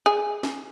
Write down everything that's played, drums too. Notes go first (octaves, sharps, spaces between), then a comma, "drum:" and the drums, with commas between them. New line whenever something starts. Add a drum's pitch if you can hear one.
G#4
drum: snare